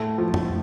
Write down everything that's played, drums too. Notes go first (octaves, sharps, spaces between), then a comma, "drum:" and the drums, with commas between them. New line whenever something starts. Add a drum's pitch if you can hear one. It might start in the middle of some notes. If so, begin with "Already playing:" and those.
Already playing: A2 A3
F3
drum: tom F2